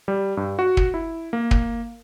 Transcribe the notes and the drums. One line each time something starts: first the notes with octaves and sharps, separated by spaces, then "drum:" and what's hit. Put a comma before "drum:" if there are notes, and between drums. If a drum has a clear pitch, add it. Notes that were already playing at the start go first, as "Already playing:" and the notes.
G3
G2
F#4
drum: kick
E4
A#3
drum: kick